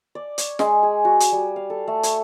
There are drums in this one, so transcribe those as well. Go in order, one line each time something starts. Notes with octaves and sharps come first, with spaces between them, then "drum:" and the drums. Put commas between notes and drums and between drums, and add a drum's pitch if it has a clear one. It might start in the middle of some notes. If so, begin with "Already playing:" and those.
D5
C#5, drum: hi-hat
G#3, drum: snare
G#4
F#4
drum: hi-hat
G3
F5
A4
A3
C#5, drum: hi-hat